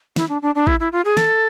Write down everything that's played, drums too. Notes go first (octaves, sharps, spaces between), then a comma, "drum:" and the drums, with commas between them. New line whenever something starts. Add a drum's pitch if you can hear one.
E4, drum: snare
D4
D4
D4
E4, drum: kick
E4
F4
G#4
A4, drum: snare